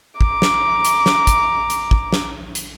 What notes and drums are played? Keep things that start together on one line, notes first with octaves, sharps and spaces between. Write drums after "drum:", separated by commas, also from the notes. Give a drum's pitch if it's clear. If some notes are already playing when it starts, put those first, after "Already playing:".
A#5 D6, drum: kick
drum: snare
drum: hi-hat
drum: snare
drum: kick, hi-hat
drum: hi-hat
drum: kick
drum: snare
drum: hi-hat